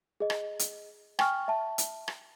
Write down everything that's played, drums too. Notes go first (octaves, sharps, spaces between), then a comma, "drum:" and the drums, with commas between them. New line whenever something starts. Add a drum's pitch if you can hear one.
G#4 D#5
drum: rim click
drum: hi-hat
G5 G#5 C#6 F6, drum: rim click
E5 A5
drum: hi-hat
drum: rim click